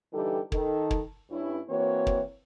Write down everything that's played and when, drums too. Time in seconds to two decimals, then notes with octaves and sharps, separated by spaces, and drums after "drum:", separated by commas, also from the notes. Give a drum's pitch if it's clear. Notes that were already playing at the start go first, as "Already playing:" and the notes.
0.13 D3 E3 G3 D#4 G4 A4
0.52 D#3 A4, drum: kick
0.91 drum: kick
1.30 G2 C#4 E4
1.69 E3 A#3 C4 F#4 C#5
2.07 drum: kick